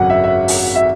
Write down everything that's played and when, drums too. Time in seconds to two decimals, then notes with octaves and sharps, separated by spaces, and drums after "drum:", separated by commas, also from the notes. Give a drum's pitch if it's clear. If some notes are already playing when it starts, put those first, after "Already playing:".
Already playing: G#1 F#2 C#3 F#3 F#5
0.10 E5
0.24 E5
0.48 drum: open hi-hat
0.75 E5